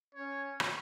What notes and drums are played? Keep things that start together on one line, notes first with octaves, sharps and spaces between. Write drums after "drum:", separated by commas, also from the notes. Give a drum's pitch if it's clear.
C#4 C#5
drum: rim click